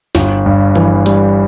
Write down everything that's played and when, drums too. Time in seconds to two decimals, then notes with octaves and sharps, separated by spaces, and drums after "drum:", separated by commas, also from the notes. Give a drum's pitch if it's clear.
0.15 G1, drum: snare
0.46 G2
0.75 E3, drum: tom F3
1.06 G3, drum: hi-hat